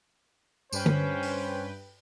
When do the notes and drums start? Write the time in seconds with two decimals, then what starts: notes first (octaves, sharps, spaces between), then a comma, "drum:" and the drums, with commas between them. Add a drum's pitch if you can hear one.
0.72 G2 C#4 B4 C5 G5, drum: tambourine
0.86 drum: tom D3
1.23 drum: open hi-hat